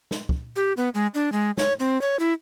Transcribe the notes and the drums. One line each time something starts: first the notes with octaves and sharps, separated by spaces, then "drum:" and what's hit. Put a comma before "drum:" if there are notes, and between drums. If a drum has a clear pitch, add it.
drum: snare
drum: kick
G4
B3
G#3
D4
G#3
C#5, drum: snare
C4
C#5
E4